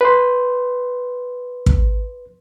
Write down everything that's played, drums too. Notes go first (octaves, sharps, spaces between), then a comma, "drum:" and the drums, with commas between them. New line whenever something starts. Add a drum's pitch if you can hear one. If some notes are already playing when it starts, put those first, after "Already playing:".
B4 C6
drum: kick